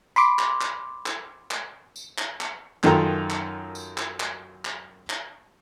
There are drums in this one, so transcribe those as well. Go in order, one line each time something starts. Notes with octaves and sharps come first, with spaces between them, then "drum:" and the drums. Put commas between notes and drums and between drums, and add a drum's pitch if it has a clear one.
B5 C6 D6, drum: tambourine
drum: clap
drum: clap
drum: clap
drum: clap
drum: tambourine
drum: clap
drum: clap
F#2 D#3 F4 A4 G5 A#5, drum: clap
drum: clap
drum: tambourine
drum: clap
drum: clap
drum: clap
drum: clap